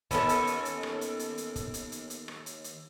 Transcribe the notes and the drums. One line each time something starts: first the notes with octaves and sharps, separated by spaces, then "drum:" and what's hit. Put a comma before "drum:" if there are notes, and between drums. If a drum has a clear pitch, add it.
D#2 B3 C#4 A4, drum: kick, hi-hat
drum: hi-hat
drum: hi-hat
drum: hi-hat
drum: rim click
drum: hi-hat
drum: hi-hat
drum: hi-hat
drum: kick, hi-hat
drum: hi-hat
drum: hi-hat
drum: hi-hat
drum: rim click
drum: hi-hat
drum: hi-hat